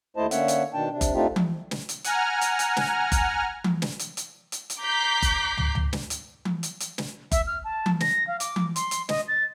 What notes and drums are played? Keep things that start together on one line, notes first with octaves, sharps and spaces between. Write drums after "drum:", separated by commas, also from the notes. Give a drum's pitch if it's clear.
D#2 A3 E4 C5 D#5 A5
D3 A#3 C#4 C#5 E5 F#5, drum: hi-hat
drum: hi-hat
B2 D#3 D4 G5 A5
C3 D4
drum: kick F#1, hi-hat
A3 C4 D4 D#4 F4 G4
drum: tom E3
drum: snare
drum: hi-hat
F#5 G#5 A#5 F6, drum: hi-hat
drum: hi-hat
drum: hi-hat
drum: snare
drum: kick F#1, hi-hat
drum: tom E3
drum: snare
drum: hi-hat
drum: hi-hat
drum: hi-hat
drum: hi-hat
A#5 D6 G6 B6 C7
drum: kick F#1, hi-hat
drum: tom
drum: tom
drum: snare
drum: hi-hat
drum: tom E3
drum: hi-hat
drum: hi-hat
drum: snare
E5, drum: kick F#1, hi-hat
F6
A5
drum: tom E3
A#6, drum: snare
F5
D6, drum: hi-hat
drum: tom E3
C6, drum: hi-hat
drum: hi-hat
D#5, drum: snare
A6